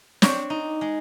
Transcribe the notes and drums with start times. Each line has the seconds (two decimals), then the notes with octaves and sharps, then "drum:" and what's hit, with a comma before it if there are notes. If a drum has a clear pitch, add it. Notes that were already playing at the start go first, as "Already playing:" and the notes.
0.22 C4 D4 C#5, drum: snare
0.50 D#4
0.81 G#3